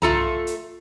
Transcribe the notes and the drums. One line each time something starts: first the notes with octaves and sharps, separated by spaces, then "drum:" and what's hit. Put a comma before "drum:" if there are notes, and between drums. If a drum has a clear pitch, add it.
A3 F4 A4 A#5, drum: tom
drum: hi-hat